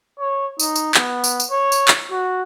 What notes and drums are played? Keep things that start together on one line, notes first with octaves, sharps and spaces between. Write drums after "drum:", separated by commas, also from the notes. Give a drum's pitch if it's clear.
C#5
D#4, drum: tambourine
drum: tambourine
B3, drum: clap
drum: tambourine
drum: tambourine
C#5
drum: tambourine
drum: clap
F#4